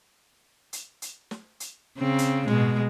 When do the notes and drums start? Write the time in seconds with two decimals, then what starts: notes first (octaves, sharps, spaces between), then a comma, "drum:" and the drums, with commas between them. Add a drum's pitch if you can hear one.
0.73 drum: hi-hat
1.02 drum: hi-hat
1.31 drum: snare
1.60 drum: hi-hat
1.98 C#3 C4
2.18 drum: hi-hat
2.48 B2 G#3, drum: tom